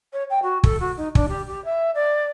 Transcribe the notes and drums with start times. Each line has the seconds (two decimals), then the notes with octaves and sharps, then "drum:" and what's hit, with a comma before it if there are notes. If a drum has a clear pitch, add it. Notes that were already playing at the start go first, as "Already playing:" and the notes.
0.13 C#5
0.30 G5
0.42 F#4
0.64 A4, drum: kick
0.80 F#4
0.97 D#4
1.15 D4, drum: kick
1.28 G4
1.47 G4
1.64 E5
1.94 D5